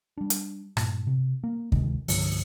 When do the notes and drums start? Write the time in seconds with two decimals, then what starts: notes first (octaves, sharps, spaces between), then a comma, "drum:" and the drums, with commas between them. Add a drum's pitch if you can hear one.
0.17 G3 D4
0.30 drum: hi-hat
0.77 G2 A#2, drum: rim click
1.07 C3
1.44 A#3
1.72 D2 C3 D#3 G#3, drum: kick
2.08 C2 G2 D3 F3, drum: open hi-hat